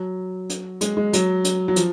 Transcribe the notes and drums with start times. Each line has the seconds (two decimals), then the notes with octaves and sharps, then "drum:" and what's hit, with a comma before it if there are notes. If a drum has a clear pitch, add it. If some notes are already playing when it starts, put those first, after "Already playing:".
Already playing: F#3
0.50 drum: hi-hat
0.81 G#3, drum: hi-hat
0.97 G#3
1.13 F#3, drum: hi-hat
1.44 drum: hi-hat
1.68 F#3
1.76 F3, drum: hi-hat